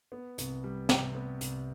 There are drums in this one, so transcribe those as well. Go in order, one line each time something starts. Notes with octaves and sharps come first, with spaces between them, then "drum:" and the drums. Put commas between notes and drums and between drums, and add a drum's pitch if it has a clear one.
B3
C2, drum: hi-hat
G3
C3, drum: snare
B3
C2, drum: hi-hat